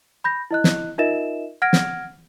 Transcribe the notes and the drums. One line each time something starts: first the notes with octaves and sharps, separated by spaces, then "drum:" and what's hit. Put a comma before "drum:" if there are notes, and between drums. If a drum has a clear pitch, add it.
B5 G6 A#6
E4 D#5 F#6
drum: snare
D#4 F4 A#4 D#5 E5 E7
F#5 F6 G#6 A#6 D7
drum: snare